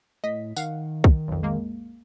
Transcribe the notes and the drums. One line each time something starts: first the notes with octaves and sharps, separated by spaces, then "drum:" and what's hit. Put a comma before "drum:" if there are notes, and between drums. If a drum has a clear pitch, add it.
A2 D#5 B6
D#3 F5 F#5, drum: tambourine
drum: kick
B1 F2
G#3 A#3